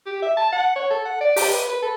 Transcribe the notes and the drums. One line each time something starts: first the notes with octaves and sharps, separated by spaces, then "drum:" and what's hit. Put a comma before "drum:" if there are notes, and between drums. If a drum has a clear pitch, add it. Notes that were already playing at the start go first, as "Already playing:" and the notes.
G4
E5
A5
F#5
C#5
A4
F#5
D5
G4, drum: open hi-hat
B4
B4
A4